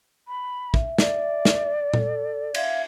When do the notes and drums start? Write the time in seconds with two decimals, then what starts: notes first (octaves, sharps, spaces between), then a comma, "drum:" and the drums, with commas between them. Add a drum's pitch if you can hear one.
0.28 B5
0.74 E5, drum: kick
0.98 D5, drum: snare
1.45 drum: snare
1.94 A4, drum: tom A#2
2.54 E5 F5 G#6, drum: cymbal